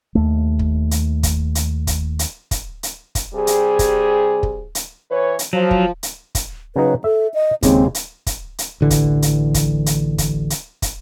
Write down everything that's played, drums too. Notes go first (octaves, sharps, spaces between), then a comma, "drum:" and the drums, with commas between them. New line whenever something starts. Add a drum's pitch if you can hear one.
D#2 A3
drum: kick
drum: hi-hat
drum: kick, hi-hat
drum: hi-hat
drum: kick, hi-hat
drum: hi-hat
drum: kick, hi-hat
drum: hi-hat
drum: kick, hi-hat
C3 G3 G#4
drum: hi-hat
drum: kick, hi-hat
drum: kick
drum: hi-hat
E3 B4 C#5
drum: hi-hat
F3 F#3
drum: kick
drum: hi-hat
drum: kick, hi-hat
C#3 F#3 D#4 B4
A4 E5
D#5
D#2 C#3 G#3 C4, drum: kick, hi-hat
drum: hi-hat
drum: kick, hi-hat
drum: hi-hat
A1 D3 E3
drum: kick, hi-hat
drum: hi-hat
drum: kick, hi-hat
drum: hi-hat
drum: kick, hi-hat
drum: hi-hat
drum: kick, hi-hat